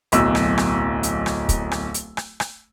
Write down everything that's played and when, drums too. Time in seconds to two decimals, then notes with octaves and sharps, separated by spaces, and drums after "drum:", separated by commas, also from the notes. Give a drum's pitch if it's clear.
0.12 D1 B1 E6, drum: hi-hat
0.35 drum: rim click
0.58 drum: rim click
1.03 drum: hi-hat
1.26 drum: rim click
1.49 drum: kick, hi-hat
1.71 drum: rim click
1.94 drum: hi-hat
2.17 drum: rim click
2.40 drum: rim click